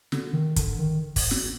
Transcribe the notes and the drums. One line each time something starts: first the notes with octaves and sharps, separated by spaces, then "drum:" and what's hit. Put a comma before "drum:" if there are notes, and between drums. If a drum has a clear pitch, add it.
D3, drum: snare
D#3
D3, drum: kick, hi-hat
D#3
drum: kick, open hi-hat
drum: snare